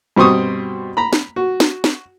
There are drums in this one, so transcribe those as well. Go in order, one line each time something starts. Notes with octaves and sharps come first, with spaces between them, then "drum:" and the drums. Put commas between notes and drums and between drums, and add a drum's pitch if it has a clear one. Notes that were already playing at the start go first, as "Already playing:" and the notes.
G2 B2 C4 C6 C#6 D#6
A#5 B5
drum: snare
F#4
drum: snare
drum: snare